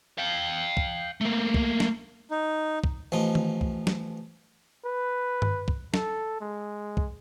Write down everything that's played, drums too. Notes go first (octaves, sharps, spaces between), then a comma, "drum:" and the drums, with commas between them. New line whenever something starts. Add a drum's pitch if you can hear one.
F5 G5
drum: kick
A3 A#3
drum: kick
drum: snare
D#4
drum: kick
A1 F3 D#4
drum: tom D#3
drum: kick
drum: snare
B4
drum: tom G2
drum: kick
A4, drum: snare
G#3
drum: kick